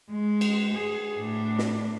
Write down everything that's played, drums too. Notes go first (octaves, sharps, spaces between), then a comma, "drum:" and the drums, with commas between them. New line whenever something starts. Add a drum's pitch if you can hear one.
G#3
drum: cymbal
G#4
A2 D4
drum: snare